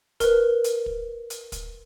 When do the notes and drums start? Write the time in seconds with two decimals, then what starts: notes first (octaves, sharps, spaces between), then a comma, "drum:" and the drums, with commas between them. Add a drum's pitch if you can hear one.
0.20 A#4 B4, drum: kick, hi-hat
0.64 drum: hi-hat
0.86 drum: kick
1.30 drum: hi-hat
1.52 drum: kick, hi-hat